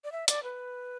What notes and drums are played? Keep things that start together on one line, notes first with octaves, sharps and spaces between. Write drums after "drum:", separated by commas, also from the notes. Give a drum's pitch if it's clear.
D5
E5
D5, drum: hi-hat
B4